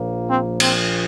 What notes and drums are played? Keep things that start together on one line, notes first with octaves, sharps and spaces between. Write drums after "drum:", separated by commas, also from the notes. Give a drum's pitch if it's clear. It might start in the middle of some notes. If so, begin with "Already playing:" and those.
Already playing: A#1 A#2 F3 A#3
C4
C4, drum: cymbal